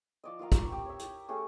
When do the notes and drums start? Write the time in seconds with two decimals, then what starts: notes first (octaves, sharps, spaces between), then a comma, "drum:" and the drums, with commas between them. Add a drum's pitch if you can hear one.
0.24 F3 D5 D#5
0.39 F4 A#4 F5 A#5
0.52 E5 C#6, drum: kick, hi-hat
0.69 C4 G4
0.86 C#5 E5
0.99 drum: hi-hat
1.28 A3 C#4 G4 G#4